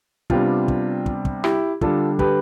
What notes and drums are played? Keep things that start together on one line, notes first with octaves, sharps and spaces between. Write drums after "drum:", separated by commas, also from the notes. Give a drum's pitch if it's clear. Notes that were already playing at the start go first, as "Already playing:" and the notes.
C3 G3 B3 D4 F4, drum: kick
drum: kick
drum: kick
drum: kick
E4 G4, drum: rim click
D3 G3 D4 F4 A4, drum: kick
G4 B4, drum: kick